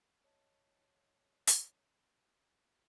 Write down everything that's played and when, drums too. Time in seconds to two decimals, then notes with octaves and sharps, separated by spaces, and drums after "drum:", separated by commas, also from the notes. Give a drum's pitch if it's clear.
0.24 C#5 D#5 A5
1.47 drum: hi-hat